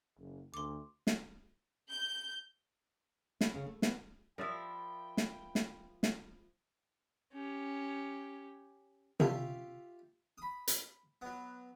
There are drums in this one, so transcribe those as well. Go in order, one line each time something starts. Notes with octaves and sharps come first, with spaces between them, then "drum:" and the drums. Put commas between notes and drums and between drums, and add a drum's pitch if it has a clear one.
F#1
D2 C6 D6
drum: snare
G6
E4, drum: snare
C#3
A3
B3, drum: snare
F3 E4 A#4 D5 E5 G5
drum: snare
drum: snare
drum: snare
C#4 G4
F4 G4 E5 F5 G5 C#6, drum: tom C3
B5 D#6
drum: hi-hat
F#3 B3